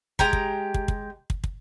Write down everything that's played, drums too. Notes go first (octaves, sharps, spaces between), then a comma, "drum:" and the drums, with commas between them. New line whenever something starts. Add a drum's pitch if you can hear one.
G#3 G4 A#5, drum: kick
drum: kick
drum: kick
drum: kick
drum: kick
drum: kick